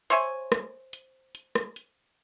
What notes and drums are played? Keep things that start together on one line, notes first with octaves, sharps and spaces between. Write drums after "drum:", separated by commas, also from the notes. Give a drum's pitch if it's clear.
C5 C#5 E5 G#5, drum: open hi-hat
drum: rim click
drum: hi-hat
drum: hi-hat
drum: rim click
drum: hi-hat